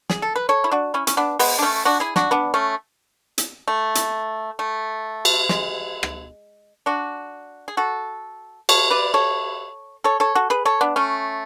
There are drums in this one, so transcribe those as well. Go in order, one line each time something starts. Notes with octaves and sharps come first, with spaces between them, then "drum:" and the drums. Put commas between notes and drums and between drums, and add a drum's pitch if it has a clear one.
G#4, drum: snare
A4
B4
A4 C#5
E4
D4 F#4
C#4 E4
C#4, drum: hi-hat
B3 D4
G#3 B3, drum: open hi-hat
D4
A3 C#4
D4 F#4
E4 G#4
D4 F#4, drum: snare
B3 D4
A3 C#4
drum: hi-hat
A3
drum: hi-hat
A3
drum: cymbal
G#3, drum: snare
drum: rim click
D4 F#4
G#4
F#4 A4
A4 C#5, drum: cymbal
B4 D5
A4 C#5
A4 C#5
A4 C#5
F#4 A4
G#4 B4
A4 C#5
B3 D4
A3 C#4